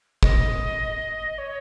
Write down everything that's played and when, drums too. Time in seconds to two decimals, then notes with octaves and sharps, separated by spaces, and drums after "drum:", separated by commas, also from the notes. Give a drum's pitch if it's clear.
0.23 D#5, drum: kick
1.38 C#5